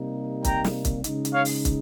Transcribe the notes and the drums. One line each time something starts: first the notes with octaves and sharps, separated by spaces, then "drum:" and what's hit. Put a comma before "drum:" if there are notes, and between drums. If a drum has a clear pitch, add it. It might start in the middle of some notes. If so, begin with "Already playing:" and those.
Already playing: C3 G3 A#3 D#4
G5 A#5, drum: kick, hi-hat
drum: snare
drum: kick, hi-hat
C#3 G#3 D#4, drum: hi-hat
drum: hi-hat
C#5 F5
drum: open hi-hat
drum: kick, hi-hat